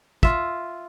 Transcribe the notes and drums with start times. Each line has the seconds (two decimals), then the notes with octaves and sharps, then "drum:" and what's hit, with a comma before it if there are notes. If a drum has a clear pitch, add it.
0.23 F4 E5, drum: kick